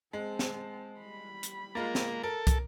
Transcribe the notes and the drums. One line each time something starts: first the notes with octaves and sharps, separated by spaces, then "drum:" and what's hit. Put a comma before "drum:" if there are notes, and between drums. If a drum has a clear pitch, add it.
G#3 C4 A5
drum: snare
G3 B5
drum: hi-hat
G#3 A#3 F4 A6
drum: snare
A4 A#4
drum: kick, hi-hat